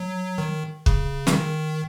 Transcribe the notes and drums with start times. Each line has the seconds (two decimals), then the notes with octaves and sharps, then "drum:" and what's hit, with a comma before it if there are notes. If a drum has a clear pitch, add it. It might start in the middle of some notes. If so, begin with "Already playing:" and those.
Already playing: F#3
0.38 D#3
0.86 C#3, drum: kick
1.27 E3, drum: snare
1.33 D#3